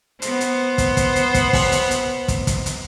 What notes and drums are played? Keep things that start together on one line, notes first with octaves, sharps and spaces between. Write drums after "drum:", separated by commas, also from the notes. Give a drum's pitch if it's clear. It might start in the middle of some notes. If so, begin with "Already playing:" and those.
B3 C5, drum: hi-hat
drum: hi-hat
drum: kick, hi-hat
drum: kick, hi-hat
drum: hi-hat
drum: kick, hi-hat
drum: kick, open hi-hat
drum: hi-hat
drum: hi-hat
drum: kick, hi-hat
drum: kick, hi-hat
drum: hi-hat